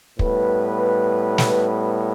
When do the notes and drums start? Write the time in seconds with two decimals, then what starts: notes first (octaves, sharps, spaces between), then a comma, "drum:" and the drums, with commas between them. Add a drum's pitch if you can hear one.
0.19 A2 G3 B3 B4, drum: kick
1.38 drum: snare